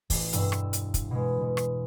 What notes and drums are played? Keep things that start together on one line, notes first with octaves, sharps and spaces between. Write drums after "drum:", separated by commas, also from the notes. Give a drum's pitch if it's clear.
A1, drum: kick, open hi-hat
E1 G2 E6, drum: hi-hat
drum: rim click
drum: hi-hat
drum: kick, hi-hat
B2 G#3
B2
drum: rim click